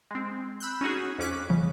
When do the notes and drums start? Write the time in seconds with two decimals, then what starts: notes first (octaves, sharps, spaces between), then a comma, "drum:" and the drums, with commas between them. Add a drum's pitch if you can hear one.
0.11 G#3 C4
0.60 B5 E6 F#6 G6
0.81 C#4 D#4 F#4 G#4
1.18 F2 C#4 D6 F#6 B6
1.50 C#3, drum: tom